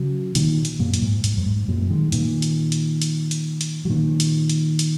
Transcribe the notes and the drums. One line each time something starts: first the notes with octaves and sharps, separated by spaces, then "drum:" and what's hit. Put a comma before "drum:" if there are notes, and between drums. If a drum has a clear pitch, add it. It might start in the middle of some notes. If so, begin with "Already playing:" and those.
Already playing: C#3 F#3
A#2 D#3, drum: hi-hat
drum: hi-hat
F#2 A#2
A#2, drum: hi-hat
G#2
G#2, drum: hi-hat
F#2
G#2
F#2 A#2
D#3 G#3
A#2 D#3, drum: hi-hat
drum: hi-hat
drum: hi-hat
drum: hi-hat
drum: hi-hat
drum: hi-hat
F#3
A#2 D#3
drum: hi-hat
drum: hi-hat
drum: hi-hat